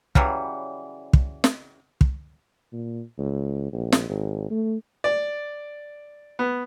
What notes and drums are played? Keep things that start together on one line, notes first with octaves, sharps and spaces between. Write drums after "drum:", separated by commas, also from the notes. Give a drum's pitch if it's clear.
C#3 E3 F#3 G3, drum: kick
drum: kick
drum: snare
drum: kick
A#2
C#2
A#1
drum: snare
G#1
A3
D5
B3